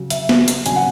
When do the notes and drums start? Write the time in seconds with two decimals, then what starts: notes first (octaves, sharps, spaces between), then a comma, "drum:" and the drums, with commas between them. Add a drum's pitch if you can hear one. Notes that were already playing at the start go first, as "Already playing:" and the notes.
Already playing: C#3 F#3
0.10 E5, drum: hi-hat
0.29 drum: snare
0.48 drum: hi-hat
0.66 C#3 F#3 G#5, drum: hi-hat
0.76 F#5